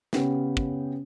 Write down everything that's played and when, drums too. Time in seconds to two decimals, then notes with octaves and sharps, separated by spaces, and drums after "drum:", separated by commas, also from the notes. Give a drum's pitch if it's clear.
0.13 C#3 B3 C#4 G4, drum: snare
0.57 drum: kick